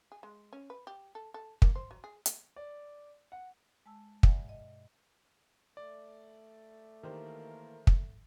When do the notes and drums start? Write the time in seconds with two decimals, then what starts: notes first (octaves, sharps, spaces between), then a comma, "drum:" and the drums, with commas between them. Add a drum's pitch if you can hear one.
0.12 G#4
0.23 G#3
0.53 C#4
0.70 B4
0.87 G4
1.15 A4
1.34 A4
1.62 A#3, drum: kick
1.75 C5
1.91 F#3
2.04 G#4
2.26 drum: hi-hat
2.56 D5
3.32 F#5
3.86 G#3 A5 E6
4.23 G2 B2 D5 E5 F#5 G#5, drum: kick
4.49 D#5
5.77 A3 D5
7.03 D#3 E3 A#3 G4 A#4 C5
7.87 drum: kick